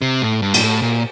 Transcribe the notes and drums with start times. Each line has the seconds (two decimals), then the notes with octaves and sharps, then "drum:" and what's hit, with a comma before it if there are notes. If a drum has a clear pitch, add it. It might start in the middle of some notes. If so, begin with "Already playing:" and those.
0.02 C3
0.22 A2
0.42 G2
0.54 A#2, drum: cymbal
0.63 A2
0.82 A#2